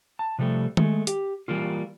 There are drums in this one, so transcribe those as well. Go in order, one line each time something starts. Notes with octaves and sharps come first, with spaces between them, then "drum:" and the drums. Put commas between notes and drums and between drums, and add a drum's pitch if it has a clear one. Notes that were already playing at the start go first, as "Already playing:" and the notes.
A5
C3 F3 G3 A3
G#3 A3, drum: tom D#3
G4, drum: hi-hat
E3 G3 A#3 F4